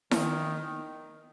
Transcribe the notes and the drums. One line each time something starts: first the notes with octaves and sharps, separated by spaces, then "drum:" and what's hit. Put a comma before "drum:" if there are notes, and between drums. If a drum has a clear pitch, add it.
F3, drum: snare E4
D#3